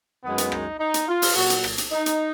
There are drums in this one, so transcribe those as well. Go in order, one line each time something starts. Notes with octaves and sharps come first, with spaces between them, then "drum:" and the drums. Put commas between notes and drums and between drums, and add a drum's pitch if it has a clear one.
F#2 D#3 G#3 B3
drum: hi-hat
D#4, drum: rim click
D#4
drum: hi-hat
F4
drum: open hi-hat
A#2 F#3 F#4
drum: hi-hat
drum: rim click
drum: hi-hat
D#4
drum: hi-hat